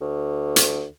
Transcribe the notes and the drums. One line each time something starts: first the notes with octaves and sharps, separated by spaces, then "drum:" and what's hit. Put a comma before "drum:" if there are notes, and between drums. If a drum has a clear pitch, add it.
D2
drum: hi-hat